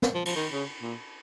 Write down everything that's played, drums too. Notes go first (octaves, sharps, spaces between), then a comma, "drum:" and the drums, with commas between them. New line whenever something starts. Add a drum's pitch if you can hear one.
drum: snare
F3
F3, drum: cymbal
D#3
C#3
A#2